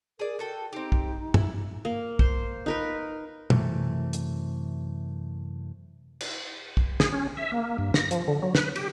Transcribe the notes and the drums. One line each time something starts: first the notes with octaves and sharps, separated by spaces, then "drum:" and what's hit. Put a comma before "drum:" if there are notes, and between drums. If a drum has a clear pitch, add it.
G#4 A#4 D5
F#4 A4 G5
C4 D#4 G4
drum: kick
E4, drum: tom
A#3
C5, drum: kick
D#4 A#4 B4
F#2 C3 E3 A3, drum: tom
drum: hi-hat
drum: cymbal
drum: kick
G#4, drum: snare
C#4
E5
A#3
G2
A#6, drum: snare
F3, drum: hi-hat
D3
F#3
B4, drum: snare
G4, drum: cymbal